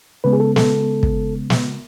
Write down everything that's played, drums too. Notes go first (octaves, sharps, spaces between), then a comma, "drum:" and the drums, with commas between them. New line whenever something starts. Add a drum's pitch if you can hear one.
C#3 G#3 B3 B4
G#4
A4
A4, drum: snare
drum: kick
drum: snare